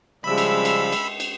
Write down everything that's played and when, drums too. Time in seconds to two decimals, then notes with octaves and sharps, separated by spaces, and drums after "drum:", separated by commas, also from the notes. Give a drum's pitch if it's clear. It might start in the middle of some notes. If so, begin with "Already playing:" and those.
0.24 C#3 F3 G3 G#3 E5 B5 E6
0.38 drum: cymbal
0.65 drum: cymbal
0.92 drum: cymbal
1.20 drum: cymbal